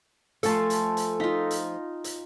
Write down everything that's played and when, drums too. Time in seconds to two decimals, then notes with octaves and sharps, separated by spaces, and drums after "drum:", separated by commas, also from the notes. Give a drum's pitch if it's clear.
0.43 F3 A3 A4 G#5 A5 C6, drum: hi-hat
0.70 drum: hi-hat
0.97 drum: hi-hat
1.20 D#4 F4 F5 B6
1.51 drum: hi-hat
2.04 drum: hi-hat